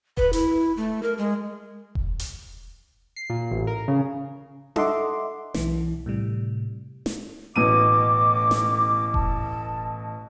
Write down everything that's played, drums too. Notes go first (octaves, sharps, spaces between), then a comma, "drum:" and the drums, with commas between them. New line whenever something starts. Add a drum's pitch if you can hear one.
B4, drum: kick E1
E4, drum: hi-hat
A3
A#4
G#3
drum: kick E1
drum: hi-hat
C7
A#2
A1
A#4
C#3
A4 D#5 E5 F#5 C6 D6, drum: tom D4
B1 E3, drum: snare
A2 C3 G3
drum: snare
A1 B2 D6 D#7
drum: snare
A5, drum: kick E1